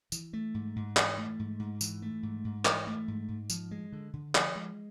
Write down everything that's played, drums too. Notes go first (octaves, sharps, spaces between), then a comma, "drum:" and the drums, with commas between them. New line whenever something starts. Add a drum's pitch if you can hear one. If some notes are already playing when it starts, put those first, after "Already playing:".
E3, drum: tambourine
A3
G#2
G#2
E3, drum: clap
A3
G#2
G#2
E3, drum: tambourine
A3
G#2
G#2
E3, drum: clap
A3
G#2
G#2
F3, drum: tambourine
G#3
D3
D3
F3, drum: clap
G#3